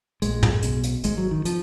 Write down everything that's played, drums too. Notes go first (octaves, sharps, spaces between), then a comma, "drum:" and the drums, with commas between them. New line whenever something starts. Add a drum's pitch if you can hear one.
A#1 A#2 G#3, drum: hi-hat
drum: tom
B1 B2, drum: hi-hat
drum: hi-hat
G#1 G#2 G#3, drum: hi-hat
F#3
D#3
F3, drum: hi-hat